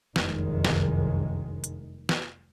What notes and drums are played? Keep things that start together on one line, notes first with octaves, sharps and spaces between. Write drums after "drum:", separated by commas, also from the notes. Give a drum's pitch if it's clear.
F1 C2 F#2 D#3 G#3, drum: snare
drum: snare
drum: hi-hat
drum: snare